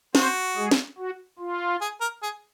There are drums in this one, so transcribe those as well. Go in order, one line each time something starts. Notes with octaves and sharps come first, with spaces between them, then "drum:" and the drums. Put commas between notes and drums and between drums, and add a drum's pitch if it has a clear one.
C4 F#4 C5, drum: snare
G#3 G#4
drum: snare
F#4
F4
G#4
A#4
G#4